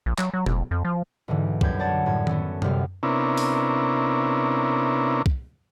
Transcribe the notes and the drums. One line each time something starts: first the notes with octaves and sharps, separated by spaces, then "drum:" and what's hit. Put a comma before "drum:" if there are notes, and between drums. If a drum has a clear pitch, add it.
A#1
F#3, drum: clap
F#3
F1, drum: tom A#2
F2
F3
B1 G#2 D3 E3
F#2 G3 B4 G6 G#6, drum: kick
C#5 D5 F#5 A5 G#6 A6
F#2 A2 G3 G#6
B3 C#4 A4, drum: tom D#3
G1 F#2 C3 G3 F6, drum: tom F#2
C3 B3 C#4 D4 E4 A#4
drum: open hi-hat
drum: kick